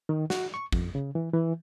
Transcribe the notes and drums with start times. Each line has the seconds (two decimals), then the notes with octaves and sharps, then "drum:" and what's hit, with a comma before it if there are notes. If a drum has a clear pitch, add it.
0.09 D#3
0.30 F#4, drum: snare
0.54 C#6
0.72 F2, drum: kick
0.95 C#3
1.15 E3
1.33 E3